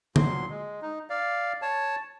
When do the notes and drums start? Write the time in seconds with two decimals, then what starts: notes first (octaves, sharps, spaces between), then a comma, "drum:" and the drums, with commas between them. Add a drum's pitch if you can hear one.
0.16 D2 A#2 F#3 C6, drum: tom D3
0.50 G#3
0.82 D#4
1.10 D5 F5
1.62 C#5 A5